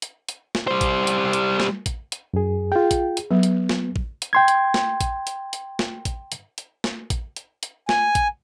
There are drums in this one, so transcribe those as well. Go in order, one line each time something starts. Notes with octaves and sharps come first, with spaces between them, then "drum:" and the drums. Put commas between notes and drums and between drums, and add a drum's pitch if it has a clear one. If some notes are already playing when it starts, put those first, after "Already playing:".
drum: hi-hat
drum: hi-hat
drum: snare
G3 C5
drum: kick, hi-hat
drum: hi-hat
drum: hi-hat
drum: snare
drum: kick, hi-hat
drum: hi-hat
F#2 G#4
F4 G#4 G5
drum: kick, hi-hat
drum: hi-hat
F#3 B3
drum: hi-hat
drum: snare
drum: kick
drum: hi-hat
G5 C6 G#6
drum: hi-hat
drum: snare
drum: kick, hi-hat
drum: hi-hat
drum: hi-hat
drum: snare
drum: kick, hi-hat
drum: hi-hat
drum: hi-hat
drum: snare
drum: kick, hi-hat
drum: hi-hat
drum: hi-hat
G#5, drum: snare
drum: kick, hi-hat